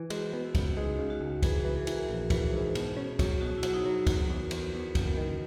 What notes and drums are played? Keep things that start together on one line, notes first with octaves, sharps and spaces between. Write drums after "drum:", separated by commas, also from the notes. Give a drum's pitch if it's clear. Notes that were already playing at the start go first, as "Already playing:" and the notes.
Already playing: E3
G#3 F#4, drum: cymbal
B3
E4
C#2, drum: kick, cymbal
G#3 D#4
C#3
F#4
C#2
E3 G#4, drum: kick, cymbal
E3 F#4
G#4
E3, drum: cymbal
A#4
A#1 F#4
E3 F#4, drum: kick, cymbal
G#4
G#2
B2, drum: cymbal
C#4
F#3, drum: kick, cymbal
B2 F#4
E4
F#3, drum: cymbal
D#4
F#3 E4
E2 F#4, drum: kick, cymbal
E2
A#4
E2, drum: cymbal
E2 B4
F#1, drum: kick, cymbal
A#4
D#3